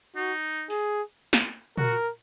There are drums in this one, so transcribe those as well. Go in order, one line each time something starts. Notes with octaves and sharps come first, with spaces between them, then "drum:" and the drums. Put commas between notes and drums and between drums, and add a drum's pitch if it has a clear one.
D#4 F#4
G#4, drum: open hi-hat
drum: snare
F#4 A#4, drum: tom A#2